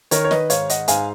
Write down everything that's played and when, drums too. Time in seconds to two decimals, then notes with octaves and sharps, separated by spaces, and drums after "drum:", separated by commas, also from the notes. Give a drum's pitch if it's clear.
0.11 D#3 A#4 C#5, drum: hi-hat
0.24 C#5
0.31 B4 D#5, drum: snare
0.50 G#2 C#5 F5, drum: hi-hat
0.69 D#5 F#5, drum: hi-hat
0.88 G#2 F5 G#5, drum: hi-hat